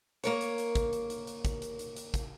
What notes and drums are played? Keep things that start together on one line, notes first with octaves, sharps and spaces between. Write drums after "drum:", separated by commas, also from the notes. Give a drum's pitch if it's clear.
A#3 A#4 C#5, drum: hi-hat
drum: hi-hat
drum: hi-hat
drum: kick, hi-hat
drum: hi-hat
drum: hi-hat
drum: hi-hat
drum: kick, hi-hat
drum: hi-hat
drum: hi-hat
drum: hi-hat
drum: kick, hi-hat